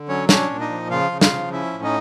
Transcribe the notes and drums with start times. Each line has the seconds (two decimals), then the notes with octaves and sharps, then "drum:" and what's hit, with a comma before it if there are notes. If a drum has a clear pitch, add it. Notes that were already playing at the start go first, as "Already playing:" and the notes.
Already playing: D3
0.08 F#3 C#4 C#5
0.29 C#4 D4 C#5, drum: snare
0.50 A#2
0.60 D#4 D#5
0.70 F3
0.91 C#3 F4 F5
1.12 C#3
1.21 F4 F5, drum: snare
1.33 F3
1.53 C#4 E4 E5
1.73 A2
1.84 D#4 D#5